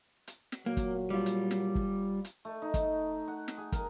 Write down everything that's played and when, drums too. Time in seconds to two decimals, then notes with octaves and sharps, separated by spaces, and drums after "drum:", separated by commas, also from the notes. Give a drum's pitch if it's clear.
0.27 drum: hi-hat
0.52 drum: snare
0.66 A#2 F#3 A#3
0.77 drum: kick, hi-hat
1.10 G3 F4
1.26 drum: hi-hat
1.51 drum: snare
1.75 drum: kick
2.25 drum: hi-hat
2.45 A3
2.62 D#4
2.74 drum: kick, hi-hat
3.28 F#5
3.48 drum: snare
3.58 G#4
3.72 A#4, drum: kick, hi-hat